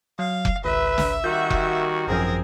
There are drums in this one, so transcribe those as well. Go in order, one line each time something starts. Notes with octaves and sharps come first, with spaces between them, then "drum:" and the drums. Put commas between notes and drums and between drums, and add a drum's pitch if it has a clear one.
F#3 F5
drum: kick F1
G#1 C#2 B4 E5
drum: snare
D#3 G3 A#3 F#4 G6
drum: kick F1
G#1 F#2 F3 C4 G#4 A#4